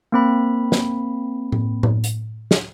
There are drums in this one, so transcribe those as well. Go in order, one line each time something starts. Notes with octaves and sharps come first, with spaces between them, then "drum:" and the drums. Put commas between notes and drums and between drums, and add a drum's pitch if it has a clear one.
A#3 C4 B5
drum: snare
drum: tom A2
drum: tom A2
drum: hi-hat
drum: snare